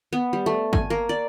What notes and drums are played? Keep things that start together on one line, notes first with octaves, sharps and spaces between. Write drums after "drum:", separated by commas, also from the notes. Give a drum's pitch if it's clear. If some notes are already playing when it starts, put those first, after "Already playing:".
B3
G3
A3
G#5, drum: kick G1
A#3
D5